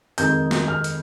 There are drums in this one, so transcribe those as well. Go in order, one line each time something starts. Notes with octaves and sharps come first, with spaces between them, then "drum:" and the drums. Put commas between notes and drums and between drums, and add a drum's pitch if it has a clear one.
F2 D#3 G#3 G6, drum: hi-hat
drum: snare
F6
drum: hi-hat